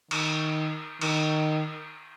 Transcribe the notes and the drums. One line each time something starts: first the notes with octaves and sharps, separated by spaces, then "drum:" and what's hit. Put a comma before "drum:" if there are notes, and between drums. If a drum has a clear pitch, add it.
D#3, drum: cymbal
D#3, drum: cymbal